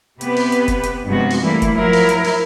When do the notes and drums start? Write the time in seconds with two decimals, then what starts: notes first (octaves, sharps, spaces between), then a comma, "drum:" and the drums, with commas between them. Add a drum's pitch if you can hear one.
0.21 C3 B3 G4 B4, drum: hi-hat
0.36 drum: open hi-hat
0.52 drum: hi-hat
0.68 drum: kick F1, hi-hat
0.83 drum: hi-hat
1.07 G2 C3 F3 G#3 B3 F#4
1.30 drum: open hi-hat
1.42 E3 G3 A3 A#3 E4
1.62 drum: kick F1, hi-hat
1.74 F3 F#3 E4 A#4
1.93 drum: open hi-hat
2.09 drum: hi-hat
2.24 drum: open hi-hat